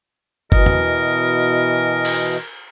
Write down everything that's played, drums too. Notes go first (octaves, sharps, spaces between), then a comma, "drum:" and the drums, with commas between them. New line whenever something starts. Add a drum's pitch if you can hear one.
B2 E3 A#4 D#5, drum: kick
drum: tom E2
drum: cymbal